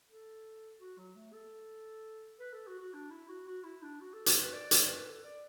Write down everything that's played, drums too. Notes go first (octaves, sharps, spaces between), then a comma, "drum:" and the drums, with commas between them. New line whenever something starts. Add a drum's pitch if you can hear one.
A4
F#4
F#3
A3
A4
B4
A4
F#4
F#4
D4
E4
F#4
F#4
E4
D4
F#4
A4
F#4, drum: hi-hat
B4
D5
D5, drum: hi-hat
B4
A4
D5